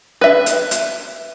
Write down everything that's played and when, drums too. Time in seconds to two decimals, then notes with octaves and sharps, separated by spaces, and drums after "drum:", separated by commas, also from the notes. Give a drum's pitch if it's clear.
0.21 B4 E5
0.46 drum: hi-hat
0.71 drum: hi-hat